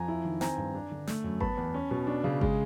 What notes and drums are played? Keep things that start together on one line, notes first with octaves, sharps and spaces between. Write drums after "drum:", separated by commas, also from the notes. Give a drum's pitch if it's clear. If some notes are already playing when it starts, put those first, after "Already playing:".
Already playing: F2 G#5 A#5
E4
D#3
C4 G#5 A#5, drum: snare
G2
D4
D3
A3, drum: snare
F#2
B3 A5 B5, drum: kick G#1
E2
C#4
B2
D4
C#3
G#3, drum: kick G#1